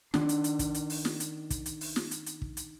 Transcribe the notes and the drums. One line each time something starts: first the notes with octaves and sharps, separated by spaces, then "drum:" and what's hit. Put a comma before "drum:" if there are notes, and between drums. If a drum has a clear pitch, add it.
D#3 D4, drum: snare
drum: hi-hat
drum: hi-hat
drum: kick, hi-hat
drum: hi-hat
drum: open hi-hat
drum: snare
drum: hi-hat
drum: kick, hi-hat
drum: hi-hat
drum: open hi-hat
drum: snare
drum: hi-hat
drum: hi-hat
drum: kick
drum: hi-hat